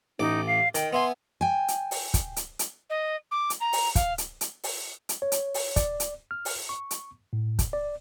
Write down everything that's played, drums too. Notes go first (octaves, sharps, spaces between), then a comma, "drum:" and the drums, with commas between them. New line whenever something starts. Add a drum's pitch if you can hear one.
A1 D#4 D6
F5
D#3 G5, drum: hi-hat
B3 E5 G#5 C6
G5 G#5
drum: hi-hat
drum: open hi-hat
drum: kick, hi-hat
drum: hi-hat
drum: hi-hat
D#5
D6
drum: hi-hat
A#5
drum: open hi-hat
F5, drum: kick, hi-hat
drum: hi-hat
drum: hi-hat
drum: open hi-hat
drum: hi-hat
C#5
drum: hi-hat
drum: open hi-hat
D5, drum: kick, hi-hat
drum: hi-hat
F6
drum: open hi-hat
C#6
drum: hi-hat
A2
drum: kick, hi-hat
D5